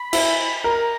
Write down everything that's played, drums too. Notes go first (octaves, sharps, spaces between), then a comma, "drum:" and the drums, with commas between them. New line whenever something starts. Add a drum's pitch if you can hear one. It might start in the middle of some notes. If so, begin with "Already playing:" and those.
Already playing: B5
E4, drum: cymbal
A#4 A#5